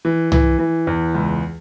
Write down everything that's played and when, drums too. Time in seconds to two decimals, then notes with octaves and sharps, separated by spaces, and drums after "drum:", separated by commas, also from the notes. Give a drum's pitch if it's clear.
0.05 E3
0.32 E3, drum: tom
0.59 E3
0.87 E2
1.14 C#2